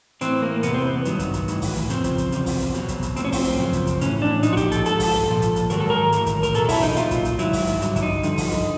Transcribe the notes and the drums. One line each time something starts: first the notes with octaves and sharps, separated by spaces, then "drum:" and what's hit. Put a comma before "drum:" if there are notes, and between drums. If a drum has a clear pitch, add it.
A2 E3 C4, drum: hi-hat
A#3
E2 C3 E3 B3, drum: hi-hat
C4
B3
G2 D#3 F#3, drum: hi-hat
drum: kick, hi-hat
drum: hi-hat
A2 E3, drum: hi-hat
drum: kick, open hi-hat
drum: hi-hat
F2 C#3 F3 C4, drum: hi-hat
drum: kick, hi-hat
drum: hi-hat
E2 C3 F3, drum: hi-hat
drum: kick, open hi-hat
drum: hi-hat
E2 B2 F#3, drum: hi-hat
drum: kick, hi-hat
drum: hi-hat
A2 F3 C4, drum: hi-hat
C#4
C4, drum: kick, open hi-hat
drum: hi-hat
F#2 C#3 F3
drum: kick, hi-hat
drum: hi-hat
A2 E3 C#4, drum: hi-hat
D4
A#2 F3 D#4, drum: hi-hat
F#4
G4, drum: kick, hi-hat
A4, drum: hi-hat
G#2 F3 A4, drum: hi-hat
drum: kick, open hi-hat
drum: hi-hat
A#2 F3
drum: kick, hi-hat
drum: hi-hat
G#2 D#3 F#3 A#4, drum: hi-hat
A4
A#4
A2 E3, drum: hi-hat
drum: kick, hi-hat
A#4, drum: hi-hat
E2 B2 F#3 A4, drum: hi-hat
E4, drum: kick, open hi-hat
D#4, drum: hi-hat
A#2 F#3 F4, drum: hi-hat
drum: kick, hi-hat
drum: hi-hat
G#2 D#3 F#3 E4, drum: hi-hat
drum: kick, open hi-hat
drum: hi-hat
G2 D3 F#3, drum: hi-hat
E4, drum: kick, hi-hat
D#4
G2 D3 F3, drum: hi-hat
drum: kick, open hi-hat
drum: hi-hat